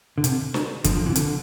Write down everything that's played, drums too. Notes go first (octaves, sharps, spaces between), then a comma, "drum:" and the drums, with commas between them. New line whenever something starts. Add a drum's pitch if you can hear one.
D3
C3, drum: hi-hat
drum: snare
D3 F3, drum: kick, hi-hat
D3 F3
C3 E3
D3, drum: hi-hat